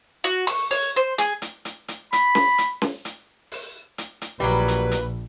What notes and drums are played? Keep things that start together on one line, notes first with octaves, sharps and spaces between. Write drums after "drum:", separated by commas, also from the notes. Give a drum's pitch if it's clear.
F#4
C#6, drum: open hi-hat
C#5, drum: open hi-hat
C5
G#4, drum: hi-hat
drum: hi-hat
drum: hi-hat
drum: hi-hat
B5, drum: hi-hat
drum: snare C#4
drum: hi-hat
drum: snare C#4
drum: hi-hat
drum: open hi-hat
drum: hi-hat
drum: hi-hat
A#1 F#3 G3 A#3 B4
drum: hi-hat
drum: hi-hat